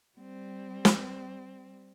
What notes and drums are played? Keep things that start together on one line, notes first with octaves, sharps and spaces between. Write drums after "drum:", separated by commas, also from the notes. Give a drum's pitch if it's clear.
G3 C4
drum: snare